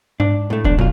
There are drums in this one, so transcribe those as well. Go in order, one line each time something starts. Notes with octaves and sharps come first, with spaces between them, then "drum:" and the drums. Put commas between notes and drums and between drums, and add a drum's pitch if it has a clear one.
G#2 D4
A2 A3
B1 E2 D4, drum: kick D#1
F#2 B2 F4